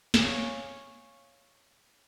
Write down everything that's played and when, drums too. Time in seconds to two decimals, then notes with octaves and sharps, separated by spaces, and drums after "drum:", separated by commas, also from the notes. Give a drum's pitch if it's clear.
0.14 C#5 F5 G#5, drum: snare